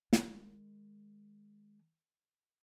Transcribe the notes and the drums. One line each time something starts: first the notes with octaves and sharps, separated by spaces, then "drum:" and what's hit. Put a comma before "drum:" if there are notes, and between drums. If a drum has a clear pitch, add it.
D#3 G#3, drum: snare